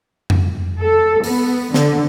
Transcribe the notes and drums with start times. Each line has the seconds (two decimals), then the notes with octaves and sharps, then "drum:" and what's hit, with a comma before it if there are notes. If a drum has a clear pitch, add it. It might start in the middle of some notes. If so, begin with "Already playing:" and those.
0.30 drum: tom F2
0.81 A4
1.24 B3, drum: open hi-hat
1.74 D3, drum: snare